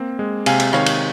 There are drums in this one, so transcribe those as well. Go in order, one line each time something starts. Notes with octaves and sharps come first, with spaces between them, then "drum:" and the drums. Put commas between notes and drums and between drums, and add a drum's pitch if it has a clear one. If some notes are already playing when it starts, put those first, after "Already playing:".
Already playing: A#3 C4
G#3
C3 F5 G#5, drum: cymbal
drum: cymbal
D#3 C#5 F5, drum: rim click
drum: cymbal